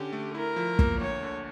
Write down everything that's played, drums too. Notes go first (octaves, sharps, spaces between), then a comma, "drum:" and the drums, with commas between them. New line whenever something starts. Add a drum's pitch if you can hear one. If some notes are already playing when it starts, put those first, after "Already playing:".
Already playing: D3 C#4 G4
A3
E4 A#4
F3
A#3, drum: kick
D2 C#5
D3